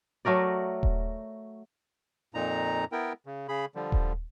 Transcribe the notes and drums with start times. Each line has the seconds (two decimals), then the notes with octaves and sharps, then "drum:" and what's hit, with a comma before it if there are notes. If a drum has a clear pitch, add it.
0.25 F#3 A3 A#4 D5
0.83 drum: kick D#1
2.34 F2 A#2 D#4 A#5
2.92 B3 E4 A#4 G5
3.26 C#3
3.48 C#3 G#4 B5
3.75 D3 F3 G3
3.92 drum: kick D#1